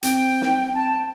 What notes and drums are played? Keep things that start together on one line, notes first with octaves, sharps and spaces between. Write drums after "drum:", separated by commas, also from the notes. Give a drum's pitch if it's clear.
C4 G5, drum: hi-hat
drum: snare
A5